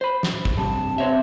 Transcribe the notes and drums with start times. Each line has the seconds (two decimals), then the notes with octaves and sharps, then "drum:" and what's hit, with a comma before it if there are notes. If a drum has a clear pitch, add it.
0.01 C5 B5
0.23 drum: snare
0.45 drum: kick
0.58 G2 C3 G3 A5
0.98 C4 B4 C#5 E5